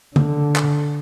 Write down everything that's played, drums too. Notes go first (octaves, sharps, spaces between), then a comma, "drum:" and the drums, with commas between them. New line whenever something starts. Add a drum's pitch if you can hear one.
D3, drum: tom C#3
drum: clap